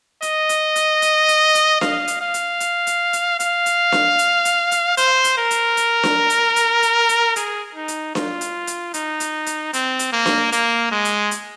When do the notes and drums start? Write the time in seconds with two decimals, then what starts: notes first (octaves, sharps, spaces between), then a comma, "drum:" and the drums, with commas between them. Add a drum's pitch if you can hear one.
0.22 D#5, drum: hi-hat
0.49 drum: hi-hat
0.76 drum: hi-hat
1.02 drum: hi-hat
1.28 drum: hi-hat
1.55 drum: hi-hat
1.81 F5, drum: snare D4
2.08 drum: hi-hat
2.21 F5
2.34 drum: hi-hat
2.60 drum: hi-hat
2.87 drum: hi-hat
3.13 drum: hi-hat
3.40 F5, drum: hi-hat
3.66 drum: hi-hat
3.92 drum: snare D4
4.19 drum: hi-hat
4.45 drum: hi-hat
4.71 drum: hi-hat
4.97 C5, drum: hi-hat
5.24 drum: hi-hat
5.38 A#4
5.51 drum: hi-hat
5.77 drum: hi-hat
6.03 drum: snare D4
6.30 drum: hi-hat
6.56 drum: hi-hat
6.83 drum: hi-hat
7.09 drum: hi-hat
7.36 G#4, drum: hi-hat
7.75 D#4
7.88 drum: hi-hat
8.15 F4, drum: snare D4
8.41 drum: hi-hat
8.67 drum: hi-hat
8.94 D#4, drum: hi-hat
9.20 drum: hi-hat
9.46 drum: hi-hat
9.73 C4, drum: hi-hat
9.99 drum: hi-hat
10.12 A#3
10.26 drum: snare D4
10.52 A#3, drum: hi-hat
10.91 G#3
11.05 drum: hi-hat
11.31 drum: hi-hat